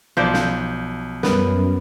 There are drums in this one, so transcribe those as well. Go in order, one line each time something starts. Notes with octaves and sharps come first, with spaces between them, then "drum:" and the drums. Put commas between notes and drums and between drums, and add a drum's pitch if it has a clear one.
B1 F3 C5 D5
drum: snare
F#2 G3 B3 A#4, drum: snare